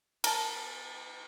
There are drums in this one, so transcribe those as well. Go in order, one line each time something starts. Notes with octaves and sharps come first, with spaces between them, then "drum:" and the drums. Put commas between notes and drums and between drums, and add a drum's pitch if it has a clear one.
A#4 A5, drum: cymbal